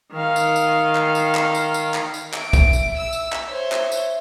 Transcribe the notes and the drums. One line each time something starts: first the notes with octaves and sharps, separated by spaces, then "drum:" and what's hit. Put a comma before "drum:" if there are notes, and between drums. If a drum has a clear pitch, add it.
D#3 F5
drum: tambourine
drum: tambourine
drum: clap
drum: tambourine
drum: clap
drum: tambourine
drum: tambourine
drum: clap
drum: tambourine
E5 D7, drum: clap
drum: kick, tambourine
drum: tambourine
E6
drum: tambourine
drum: clap
C5 C#5 E5
drum: clap
drum: tambourine